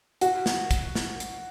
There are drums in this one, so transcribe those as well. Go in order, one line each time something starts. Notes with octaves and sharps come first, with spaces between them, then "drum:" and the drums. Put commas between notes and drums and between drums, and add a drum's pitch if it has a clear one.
F#4, drum: hi-hat
drum: snare
drum: kick, hi-hat
drum: snare
drum: hi-hat